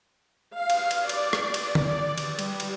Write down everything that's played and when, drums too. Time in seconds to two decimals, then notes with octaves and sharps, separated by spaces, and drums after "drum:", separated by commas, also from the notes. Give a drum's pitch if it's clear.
0.58 F5
0.70 drum: cymbal
0.91 drum: cymbal
1.09 D5, drum: cymbal
1.33 drum: rim click
1.54 drum: cymbal
1.75 drum: tom D3
1.89 D5
2.18 drum: cymbal
2.39 G3, drum: cymbal
2.60 drum: cymbal